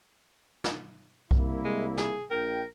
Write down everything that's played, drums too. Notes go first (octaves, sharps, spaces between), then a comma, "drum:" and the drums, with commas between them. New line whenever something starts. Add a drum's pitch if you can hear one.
drum: snare
C2 A#3 E4, drum: kick B1
G#3
G#4, drum: snare
A#1 A#4 G5